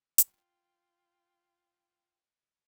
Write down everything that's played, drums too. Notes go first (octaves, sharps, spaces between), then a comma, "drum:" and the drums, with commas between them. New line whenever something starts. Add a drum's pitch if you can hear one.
F4 G5, drum: hi-hat